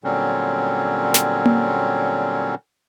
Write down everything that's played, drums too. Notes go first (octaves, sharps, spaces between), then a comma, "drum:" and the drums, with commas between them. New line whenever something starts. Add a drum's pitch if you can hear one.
A#2 D3 F#3 G3 C4 C#4
drum: snare
drum: tom A#3